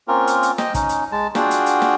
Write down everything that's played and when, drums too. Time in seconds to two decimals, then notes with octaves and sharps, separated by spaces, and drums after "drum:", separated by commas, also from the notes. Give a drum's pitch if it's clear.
0.08 A#3 C4 C#4 F4 A#4
0.27 drum: hi-hat
0.43 drum: hi-hat
0.58 D#5 G5, drum: snare
0.74 C#4 D#4, drum: kick, hi-hat
0.89 drum: hi-hat
1.12 G#3 A5
1.35 D4 F4 F#4 G#4 F#5 G5, drum: snare
1.51 drum: hi-hat
1.66 drum: hi-hat
1.82 drum: snare